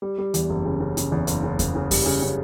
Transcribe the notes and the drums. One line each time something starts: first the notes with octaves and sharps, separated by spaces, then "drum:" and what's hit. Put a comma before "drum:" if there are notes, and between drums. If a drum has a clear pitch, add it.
G3
G3
E2, drum: hi-hat
F#1
C#3
C#3
C#3, drum: hi-hat
E2
F#1, drum: hi-hat
C#3
F#1, drum: kick E2, hi-hat
C#3
G3, drum: kick E2, open hi-hat
C#3
C#3